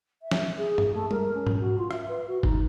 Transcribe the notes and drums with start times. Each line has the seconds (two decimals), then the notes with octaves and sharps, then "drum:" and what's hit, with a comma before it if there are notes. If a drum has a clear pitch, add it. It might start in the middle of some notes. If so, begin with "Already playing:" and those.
0.22 E5
0.31 drum: snare
0.57 G#4
0.78 drum: tom G2
0.93 A3
1.11 A#4, drum: tom G3
1.33 C#4
1.47 drum: tom G#2
1.60 F#4
1.78 F4
1.91 E5, drum: rim click
2.08 B4
2.27 F#4
2.43 D#4, drum: kick F#1